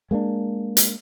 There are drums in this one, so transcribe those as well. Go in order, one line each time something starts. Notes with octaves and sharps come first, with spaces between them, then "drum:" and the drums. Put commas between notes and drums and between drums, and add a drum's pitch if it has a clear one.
G#3 A#3 C#4 D4
drum: hi-hat